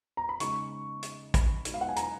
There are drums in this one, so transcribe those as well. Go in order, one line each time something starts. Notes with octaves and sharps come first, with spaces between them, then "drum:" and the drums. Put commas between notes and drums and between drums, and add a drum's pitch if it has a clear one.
A#5
B5
C#3 G#3 D#4 C#6, drum: hi-hat
drum: hi-hat
B5, drum: kick, hi-hat
B2 G#3 D#4, drum: hi-hat
F5
F#5
G#5
A#5, drum: hi-hat